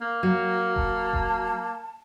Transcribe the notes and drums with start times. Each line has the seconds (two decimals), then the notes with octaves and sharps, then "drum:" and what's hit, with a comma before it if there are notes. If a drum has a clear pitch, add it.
0.01 A#3
0.23 F#3 A#3
0.76 A5, drum: kick E1
1.13 drum: kick E1